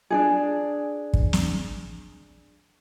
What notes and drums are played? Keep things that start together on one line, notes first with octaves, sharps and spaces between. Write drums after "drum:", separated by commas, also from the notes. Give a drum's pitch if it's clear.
D4 D#4 G#4
drum: kick
drum: snare